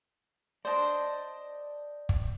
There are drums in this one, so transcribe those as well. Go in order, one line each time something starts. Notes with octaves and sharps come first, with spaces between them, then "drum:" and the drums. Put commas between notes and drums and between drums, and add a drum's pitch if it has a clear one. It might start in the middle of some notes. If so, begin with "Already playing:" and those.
C5 D5 D#5 A5
drum: kick